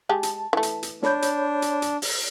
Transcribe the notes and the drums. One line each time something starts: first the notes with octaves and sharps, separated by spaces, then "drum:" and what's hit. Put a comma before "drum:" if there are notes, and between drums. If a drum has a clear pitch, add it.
G#3 G4 G#4 A5
drum: hi-hat
E3 A3
drum: hi-hat
drum: hi-hat
D4 C#5 B5 G6, drum: snare
drum: hi-hat
drum: hi-hat
drum: hi-hat
drum: open hi-hat